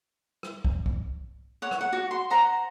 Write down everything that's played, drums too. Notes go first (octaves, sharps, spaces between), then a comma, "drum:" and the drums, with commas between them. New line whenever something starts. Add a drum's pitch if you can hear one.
drum: rim click
drum: kick
drum: kick
C#5 F#5
drum: rim click
F#5
F#4
C6
C5 F#5 A#5